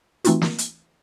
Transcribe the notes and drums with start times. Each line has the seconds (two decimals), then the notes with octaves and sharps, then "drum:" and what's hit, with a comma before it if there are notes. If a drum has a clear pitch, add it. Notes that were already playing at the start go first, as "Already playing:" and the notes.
0.25 E3 A3 C4 D#4 F4 F#4, drum: hi-hat
0.41 drum: snare
0.58 drum: hi-hat